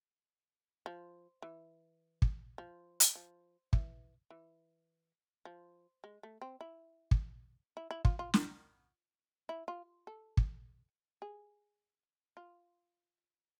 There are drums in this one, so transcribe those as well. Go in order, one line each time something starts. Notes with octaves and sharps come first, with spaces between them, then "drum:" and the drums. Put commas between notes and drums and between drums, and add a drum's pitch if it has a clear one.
F3
E3
drum: kick
F3
drum: hi-hat
F3
E3, drum: kick
E3
F3
G#3
A3
C4
E4
drum: kick
E4
E4
F4, drum: kick
F4
drum: snare
E4
F4
A4
drum: kick
G#4
F4